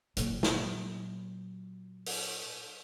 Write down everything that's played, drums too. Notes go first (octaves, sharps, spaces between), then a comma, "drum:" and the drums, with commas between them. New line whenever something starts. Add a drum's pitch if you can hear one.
A#2 F#3, drum: hi-hat
drum: snare
drum: open hi-hat